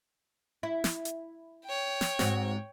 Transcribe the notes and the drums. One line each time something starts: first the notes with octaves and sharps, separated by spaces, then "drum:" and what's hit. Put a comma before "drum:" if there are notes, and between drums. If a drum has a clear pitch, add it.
E4
drum: snare
drum: hi-hat
C#5 G5
drum: snare
G#2 C4 F#4, drum: snare